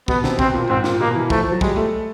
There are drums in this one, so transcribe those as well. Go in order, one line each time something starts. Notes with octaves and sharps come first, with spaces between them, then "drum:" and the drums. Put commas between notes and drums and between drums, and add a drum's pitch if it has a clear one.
B2 B3, drum: kick
C3, drum: snare
B2 C4, drum: kick
A#2
G#2 C4
A#2, drum: snare
B2 A#3
E3
F3 A3, drum: kick
F3
F#3
G3 G#3, drum: kick
A3